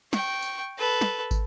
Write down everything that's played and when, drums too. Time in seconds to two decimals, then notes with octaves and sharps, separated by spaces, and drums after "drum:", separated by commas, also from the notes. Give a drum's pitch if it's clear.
0.13 G5 C#6, drum: snare
0.42 drum: tambourine
0.78 A4 B4
1.01 drum: snare
1.31 drum: kick, tambourine